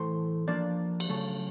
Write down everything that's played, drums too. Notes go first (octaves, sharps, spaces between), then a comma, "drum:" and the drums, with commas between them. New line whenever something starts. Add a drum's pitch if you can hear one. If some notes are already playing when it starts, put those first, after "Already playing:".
Already playing: A2 E3 A3 C5
F3 A#3 D4 D5
drum: cymbal
C#3 F#3 A3